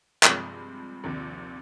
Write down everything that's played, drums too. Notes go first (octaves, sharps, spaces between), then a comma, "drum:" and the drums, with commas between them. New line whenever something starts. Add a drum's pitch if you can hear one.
G2 C3 F3 G#3, drum: clap
A#1 D#2 C3